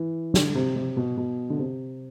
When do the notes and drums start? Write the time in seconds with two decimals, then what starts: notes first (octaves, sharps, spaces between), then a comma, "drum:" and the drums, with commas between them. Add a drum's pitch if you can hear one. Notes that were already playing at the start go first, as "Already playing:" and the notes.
Already playing: E3
0.34 D3, drum: snare
0.55 C3
0.76 C3
0.97 B2
1.17 B2
1.50 D3
1.59 C3